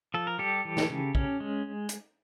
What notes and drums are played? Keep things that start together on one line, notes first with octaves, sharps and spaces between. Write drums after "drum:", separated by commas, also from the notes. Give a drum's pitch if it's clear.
F3 A4
A#4
G3 G4 A4
E3
drum: snare
C#3
C#4, drum: kick A#1
G#3
drum: hi-hat